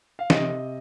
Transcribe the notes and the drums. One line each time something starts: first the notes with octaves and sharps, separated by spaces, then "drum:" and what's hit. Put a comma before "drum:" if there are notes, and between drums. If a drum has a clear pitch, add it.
F5
C3 D#5, drum: snare